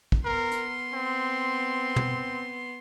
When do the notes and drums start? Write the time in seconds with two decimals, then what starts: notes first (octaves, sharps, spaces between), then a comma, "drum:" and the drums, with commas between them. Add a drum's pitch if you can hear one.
0.12 drum: kick
0.25 B3 A#4 C6
0.52 drum: hi-hat
0.93 C4
1.96 drum: tom